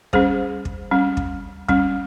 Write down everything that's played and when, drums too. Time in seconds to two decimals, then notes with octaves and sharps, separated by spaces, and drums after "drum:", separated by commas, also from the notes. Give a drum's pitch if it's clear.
0.13 G3 C#4 G#4 C5, drum: kick
0.65 drum: kick
0.91 G3 C#4
1.17 drum: kick
1.69 G3 C#4, drum: kick